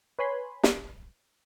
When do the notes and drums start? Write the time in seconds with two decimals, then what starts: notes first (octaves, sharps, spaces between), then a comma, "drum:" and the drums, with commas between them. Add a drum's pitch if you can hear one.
0.19 B4 C#5 G#5 B5 C6
0.63 drum: snare